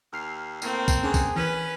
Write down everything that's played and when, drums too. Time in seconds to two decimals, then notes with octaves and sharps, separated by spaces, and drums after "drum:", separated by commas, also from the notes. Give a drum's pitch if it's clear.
0.13 D#2 E6 F6 C7
0.62 A2 A#3 C4, drum: tambourine
0.88 drum: kick B1, tambourine
1.03 D3 C#4 G#4 C#6 F#6
1.14 drum: kick B1, tambourine
1.36 E3 C#4 B4